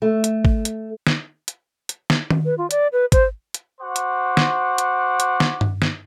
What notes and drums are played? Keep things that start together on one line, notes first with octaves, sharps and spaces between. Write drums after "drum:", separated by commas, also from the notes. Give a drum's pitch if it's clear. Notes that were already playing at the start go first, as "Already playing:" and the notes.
A3
drum: hi-hat
drum: kick
drum: hi-hat
drum: snare
drum: hi-hat
drum: hi-hat
drum: snare
drum: tom D#3
B4
F4
D5, drum: hi-hat
B4
C5, drum: kick, hi-hat
drum: hi-hat
F#4 C5 F#5 D6
drum: hi-hat
drum: snare
drum: hi-hat
drum: hi-hat
drum: snare
drum: tom G2
drum: snare